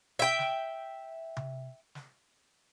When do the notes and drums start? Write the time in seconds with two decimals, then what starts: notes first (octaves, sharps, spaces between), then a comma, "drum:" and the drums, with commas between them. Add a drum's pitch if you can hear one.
0.19 E5 G5
0.39 drum: snare
1.37 drum: tom C3
1.95 drum: snare